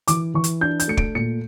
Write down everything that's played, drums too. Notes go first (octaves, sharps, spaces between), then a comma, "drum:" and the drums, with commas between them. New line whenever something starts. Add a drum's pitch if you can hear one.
E3 D6, drum: hi-hat
E3 C#6
drum: hi-hat
D4 G6
G6, drum: hi-hat
A3 C#7
D7, drum: kick
A#2 C#7